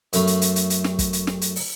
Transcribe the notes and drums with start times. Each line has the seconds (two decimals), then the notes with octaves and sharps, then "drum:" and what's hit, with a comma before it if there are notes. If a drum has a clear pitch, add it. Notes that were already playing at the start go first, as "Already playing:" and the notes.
0.13 F#2 A3 F5 B5, drum: hi-hat
0.27 drum: hi-hat
0.41 drum: hi-hat
0.56 drum: hi-hat
0.70 drum: hi-hat
0.84 drum: snare
0.99 drum: kick, hi-hat
1.13 drum: hi-hat
1.27 drum: snare
1.41 drum: hi-hat
1.56 drum: open hi-hat